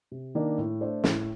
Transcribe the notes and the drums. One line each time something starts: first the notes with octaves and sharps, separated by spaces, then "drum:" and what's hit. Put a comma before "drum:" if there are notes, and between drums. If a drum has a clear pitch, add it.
C3
D#3 A#3 D4
A2
A3 D4 A4 C5
A2, drum: snare